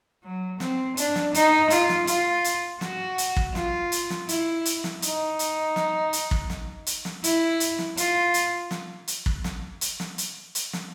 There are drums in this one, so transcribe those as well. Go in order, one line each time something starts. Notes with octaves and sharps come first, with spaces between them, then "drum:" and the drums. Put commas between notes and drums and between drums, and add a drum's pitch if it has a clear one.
F#3
C4, drum: snare
D4, drum: hi-hat
drum: snare
D#4, drum: hi-hat
F4, drum: hi-hat
drum: snare
F4, drum: hi-hat
drum: hi-hat
F#4, drum: snare
drum: hi-hat
drum: kick
F4, drum: snare
drum: hi-hat
drum: snare
E4, drum: hi-hat
drum: hi-hat
drum: snare
D#4, drum: hi-hat
drum: hi-hat
drum: snare
drum: hi-hat
drum: kick
drum: snare
drum: hi-hat
drum: snare
E4, drum: hi-hat
drum: hi-hat
drum: snare
F4, drum: hi-hat
drum: hi-hat
drum: snare
drum: hi-hat
drum: kick
drum: snare
drum: hi-hat
drum: snare
drum: hi-hat
drum: hi-hat
drum: snare